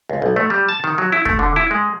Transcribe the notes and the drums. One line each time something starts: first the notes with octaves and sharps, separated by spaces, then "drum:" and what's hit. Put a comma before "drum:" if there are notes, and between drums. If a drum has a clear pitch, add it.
C#2
B1
A3
G3
A5
D#3
F#3
E4
A3, drum: kick
D3
E4
G#3